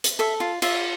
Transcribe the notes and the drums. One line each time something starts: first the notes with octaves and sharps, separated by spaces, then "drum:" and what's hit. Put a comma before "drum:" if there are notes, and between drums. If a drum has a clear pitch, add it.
drum: hi-hat
A4 E5
F4
F4 E5, drum: cymbal